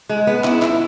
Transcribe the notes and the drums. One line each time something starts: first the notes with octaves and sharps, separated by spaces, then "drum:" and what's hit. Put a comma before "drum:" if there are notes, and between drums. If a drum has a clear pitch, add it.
G#3
B3
E4, drum: clap
E4, drum: clap